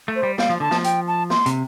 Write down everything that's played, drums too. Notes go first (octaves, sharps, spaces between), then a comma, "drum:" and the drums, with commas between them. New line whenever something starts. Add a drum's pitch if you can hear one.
A3
C5
G3
G3 F5, drum: snare
F3
D3 A5
F3, drum: snare
G5, drum: hi-hat
A5
C6, drum: snare
C3, drum: hi-hat